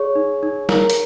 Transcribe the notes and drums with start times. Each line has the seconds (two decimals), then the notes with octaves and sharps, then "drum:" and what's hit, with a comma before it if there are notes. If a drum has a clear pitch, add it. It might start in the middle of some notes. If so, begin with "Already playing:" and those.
Already playing: G#4 C#5 C#6
0.15 D#4
0.43 D#4
0.69 D#4 A#4 A#5, drum: snare
0.90 drum: hi-hat